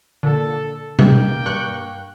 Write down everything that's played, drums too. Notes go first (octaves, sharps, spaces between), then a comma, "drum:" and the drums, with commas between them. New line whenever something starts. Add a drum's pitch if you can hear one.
A#2 D3 A4
A#3 G5, drum: tom B2
G2 C#6 F#6